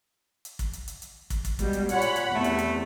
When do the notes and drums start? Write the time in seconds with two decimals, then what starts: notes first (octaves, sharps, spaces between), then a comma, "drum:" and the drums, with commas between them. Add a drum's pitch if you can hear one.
0.45 drum: hi-hat
0.59 drum: kick, hi-hat
0.73 drum: hi-hat
0.88 drum: hi-hat
1.02 drum: hi-hat
1.30 drum: kick, hi-hat
1.45 drum: kick, hi-hat
1.59 B2 G3 G#3, drum: kick, hi-hat
1.73 drum: hi-hat
1.89 A#2 C#5 F#5 B5, drum: hi-hat
2.02 drum: hi-hat
2.16 drum: hi-hat
2.35 E2 C3 A3
2.44 drum: hi-hat
2.59 drum: hi-hat